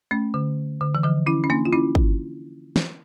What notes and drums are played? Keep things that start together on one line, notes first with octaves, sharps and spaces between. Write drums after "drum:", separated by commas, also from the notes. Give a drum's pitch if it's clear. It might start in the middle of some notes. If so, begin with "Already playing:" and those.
A3 C#4
D3
D3
E3
D3 F3
C#4 E4
C#4
A#3 D4
F4
C#4 E4
drum: kick
drum: snare